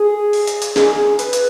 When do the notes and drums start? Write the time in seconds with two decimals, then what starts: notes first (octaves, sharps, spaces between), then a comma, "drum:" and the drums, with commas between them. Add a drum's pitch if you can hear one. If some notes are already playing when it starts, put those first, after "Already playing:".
Already playing: G#4
0.33 drum: open hi-hat
0.47 drum: hi-hat
0.62 drum: hi-hat
0.76 G#4, drum: snare
0.98 G#4
1.19 B4, drum: hi-hat
1.33 drum: hi-hat